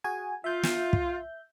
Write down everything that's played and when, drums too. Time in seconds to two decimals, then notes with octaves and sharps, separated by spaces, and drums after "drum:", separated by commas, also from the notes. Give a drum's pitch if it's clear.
0.04 F#4 G#4 G#5
0.44 F4 E5 G6
0.63 drum: snare
0.93 drum: kick